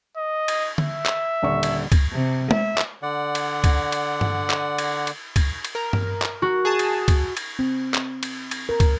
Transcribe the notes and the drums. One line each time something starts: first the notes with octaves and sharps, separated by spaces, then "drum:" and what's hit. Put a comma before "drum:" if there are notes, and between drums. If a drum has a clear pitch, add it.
D#5
drum: cymbal
E5, drum: tom D3
drum: clap
D#1 D3 C#6
drum: cymbal
drum: kick, cymbal
C3
E5, drum: tom G#3
drum: clap
D3 D5 F#5
drum: cymbal
drum: kick, cymbal
drum: cymbal
drum: tom G2
drum: clap
drum: cymbal
drum: cymbal
drum: kick, cymbal
drum: cymbal
A#4
drum: tom G2
drum: clap
F#4
G#4 A5
drum: cymbal
drum: kick, cymbal
drum: cymbal
C4
drum: clap
drum: cymbal
drum: cymbal
A#4
drum: kick, cymbal